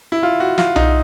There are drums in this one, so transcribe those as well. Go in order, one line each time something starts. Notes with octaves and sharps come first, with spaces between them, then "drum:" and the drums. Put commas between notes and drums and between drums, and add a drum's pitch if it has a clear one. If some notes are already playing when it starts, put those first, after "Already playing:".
E4
F4
F#4
F4, drum: snare
D#4, drum: tom B1